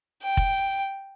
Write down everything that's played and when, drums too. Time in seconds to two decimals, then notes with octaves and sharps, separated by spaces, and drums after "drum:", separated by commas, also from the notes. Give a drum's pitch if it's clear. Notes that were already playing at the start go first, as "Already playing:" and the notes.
0.22 G5
0.37 drum: kick F1